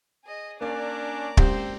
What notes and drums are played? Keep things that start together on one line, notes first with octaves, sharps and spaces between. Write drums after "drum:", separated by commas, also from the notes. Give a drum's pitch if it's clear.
G#4 D#5
A#3 C#4 D4 D5 A#5
G#3 C4 C#4 G4 C5, drum: kick